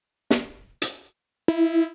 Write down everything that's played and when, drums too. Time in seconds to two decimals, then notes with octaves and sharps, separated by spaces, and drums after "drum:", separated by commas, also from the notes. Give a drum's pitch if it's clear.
0.31 drum: snare
0.82 drum: hi-hat
1.48 E4